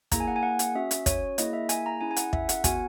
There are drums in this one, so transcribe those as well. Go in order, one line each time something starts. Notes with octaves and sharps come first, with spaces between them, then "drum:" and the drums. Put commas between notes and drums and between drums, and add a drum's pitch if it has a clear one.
A#3 E4 G#4 A#5, drum: kick, hi-hat
G#5
F#5
G#5
F#5
drum: hi-hat
C#4 F#4 E5
drum: hi-hat
C#5, drum: kick, hi-hat
A#3 E4 G#4 D#5, drum: hi-hat
E5
G#5, drum: hi-hat
A#5
C#4 E4 G#4 G#5
G#5
F#5, drum: hi-hat
E5, drum: kick
F#5, drum: hi-hat
B3 F#4 G#5, drum: kick, hi-hat